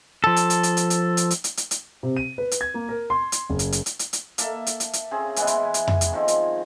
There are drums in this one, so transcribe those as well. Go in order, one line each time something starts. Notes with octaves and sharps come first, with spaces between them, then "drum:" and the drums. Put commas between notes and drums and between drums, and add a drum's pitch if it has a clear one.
F3 A4
drum: hi-hat
drum: hi-hat
drum: hi-hat
drum: hi-hat
drum: hi-hat
drum: hi-hat
drum: hi-hat
drum: hi-hat
drum: hi-hat
drum: hi-hat
C3
D#7
B4
drum: hi-hat
G#6
A#3
A#4
C6
drum: hi-hat
F#1
drum: hi-hat
drum: hi-hat
drum: hi-hat
drum: hi-hat
drum: hi-hat
A#3 A4 E5, drum: hi-hat
drum: hi-hat
drum: hi-hat
drum: hi-hat
C#3 C4 G#4
E3 G#3 B3 E4, drum: hi-hat
drum: hi-hat
G#5
drum: hi-hat
drum: tom F2
drum: hi-hat
D#3 F3 C4
drum: hi-hat